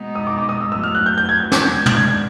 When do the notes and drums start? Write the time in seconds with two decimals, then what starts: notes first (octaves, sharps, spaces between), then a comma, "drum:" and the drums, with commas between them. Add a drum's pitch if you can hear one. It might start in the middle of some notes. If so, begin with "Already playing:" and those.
Already playing: B2 G#3 B3 D#4
0.15 D#6
0.27 D6
0.38 D6
0.49 D#6
0.60 E6
0.72 A2 F#3 B3 E6
0.84 F6
0.95 F#6
1.06 G6
1.18 G6
1.29 G#6
1.40 G6
1.52 D6, drum: snare
1.63 D#3 G#3 B3 D4 G6
1.74 G#6
1.86 G6, drum: tom
1.97 G#6
2.08 G#6